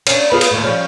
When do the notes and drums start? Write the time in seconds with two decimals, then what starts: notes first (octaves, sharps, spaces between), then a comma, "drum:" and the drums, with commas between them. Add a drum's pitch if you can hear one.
0.07 C#4 D4, drum: cymbal
0.32 B3 F4 G#4
0.41 drum: cymbal
0.51 D#2 A2
0.63 F3 G3 C#4